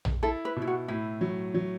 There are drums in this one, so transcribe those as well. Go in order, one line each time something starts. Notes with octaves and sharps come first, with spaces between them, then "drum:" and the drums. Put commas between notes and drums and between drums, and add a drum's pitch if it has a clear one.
drum: tom A#1
E4 A4
B4
B2
E4
F#4
A2 E4
F#3
F#3